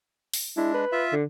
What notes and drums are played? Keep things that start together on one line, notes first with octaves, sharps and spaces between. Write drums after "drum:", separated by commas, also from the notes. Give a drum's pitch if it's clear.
drum: open hi-hat
G#3 D4 E4
B4
F4 E5
D3